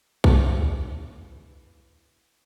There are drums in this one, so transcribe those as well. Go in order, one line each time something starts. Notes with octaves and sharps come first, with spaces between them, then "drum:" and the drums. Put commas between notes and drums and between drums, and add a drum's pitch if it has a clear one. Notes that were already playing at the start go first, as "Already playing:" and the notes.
E3 F5 D6, drum: kick